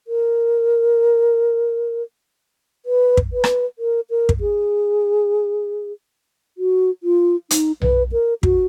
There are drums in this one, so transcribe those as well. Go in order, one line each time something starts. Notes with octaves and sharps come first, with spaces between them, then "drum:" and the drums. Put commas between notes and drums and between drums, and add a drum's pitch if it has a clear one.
A#4
B4
drum: kick
B4
drum: rim click
A#4
A#4
drum: kick
G#4
F#4
F4
D#4, drum: hi-hat
B4, drum: tom B1
A#4
F#4, drum: kick